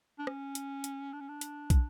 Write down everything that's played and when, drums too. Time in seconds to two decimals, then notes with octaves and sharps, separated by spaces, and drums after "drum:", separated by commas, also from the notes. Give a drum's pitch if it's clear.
0.19 D4
0.27 C#4, drum: rim click
0.55 drum: hi-hat
0.84 drum: hi-hat
1.13 D4
1.20 C#4
1.29 D4
1.41 drum: hi-hat
1.70 drum: kick, hi-hat